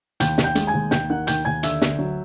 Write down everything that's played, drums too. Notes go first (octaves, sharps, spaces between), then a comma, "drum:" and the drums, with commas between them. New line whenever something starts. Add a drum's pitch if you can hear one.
D#2 G5 G6, drum: hi-hat
D#2, drum: snare
G5 G6
G#3, drum: hi-hat
G#5 G#6
D#2
D#2 G5 G6, drum: snare
D#3 F#5 F#6
D#2 G5 G6, drum: hi-hat
D#2 G#5 G#6
D3 E5 E6, drum: hi-hat
D2, drum: snare
F#3